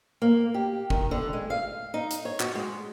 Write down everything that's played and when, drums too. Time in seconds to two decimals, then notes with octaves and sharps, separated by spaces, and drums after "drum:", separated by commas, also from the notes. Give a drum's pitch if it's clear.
0.22 A#3
0.54 G4
0.90 D#3, drum: kick
1.11 D3
1.33 G#3
1.50 F5
1.94 D#4
2.11 drum: hi-hat
2.25 C#5
2.40 F#4, drum: clap
2.55 G#3